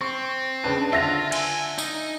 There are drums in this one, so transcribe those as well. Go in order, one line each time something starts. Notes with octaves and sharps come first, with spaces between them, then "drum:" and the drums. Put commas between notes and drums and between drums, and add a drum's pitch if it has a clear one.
C4 C#6
C#3 D4 B4 A5
D3 F4 E5 A5 A#6 F7
G#5, drum: cymbal
D#4, drum: tambourine